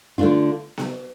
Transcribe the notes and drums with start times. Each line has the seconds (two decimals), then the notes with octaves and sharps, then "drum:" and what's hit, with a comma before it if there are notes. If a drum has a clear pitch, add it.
0.18 D3 A3 D4 F4
0.77 drum: snare B3